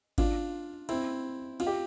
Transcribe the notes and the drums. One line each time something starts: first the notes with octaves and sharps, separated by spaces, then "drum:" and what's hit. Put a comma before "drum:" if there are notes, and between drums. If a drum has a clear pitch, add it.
D4 F4, drum: kick G#1, cymbal
C4 E4, drum: cymbal
F4, drum: cymbal
G4